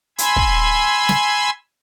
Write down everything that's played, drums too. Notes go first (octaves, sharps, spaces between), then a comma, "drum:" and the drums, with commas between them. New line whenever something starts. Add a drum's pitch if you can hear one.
G#5 B5 C6 E6 G#6, drum: hi-hat
drum: kick
drum: snare